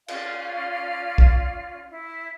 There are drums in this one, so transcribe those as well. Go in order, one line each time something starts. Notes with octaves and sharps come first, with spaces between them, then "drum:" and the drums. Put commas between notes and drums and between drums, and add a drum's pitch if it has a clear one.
C#4 F4 D5 F5, drum: cymbal
drum: kick
E4